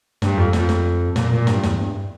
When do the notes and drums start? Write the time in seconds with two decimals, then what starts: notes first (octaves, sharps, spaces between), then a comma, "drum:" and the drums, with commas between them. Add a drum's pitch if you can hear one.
0.22 G2, drum: snare
0.38 F2
0.53 F2, drum: snare
0.69 drum: snare
1.16 A#2, drum: snare
1.32 A#2
1.47 G2, drum: snare
1.63 E2, drum: snare
1.79 G2